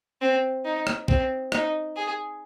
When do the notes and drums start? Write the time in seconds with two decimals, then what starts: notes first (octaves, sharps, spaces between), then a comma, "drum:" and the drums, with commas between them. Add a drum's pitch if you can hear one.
0.21 C4
0.65 D#4
0.87 drum: rim click
1.08 C4, drum: kick
1.52 D#4, drum: rim click
1.96 G#4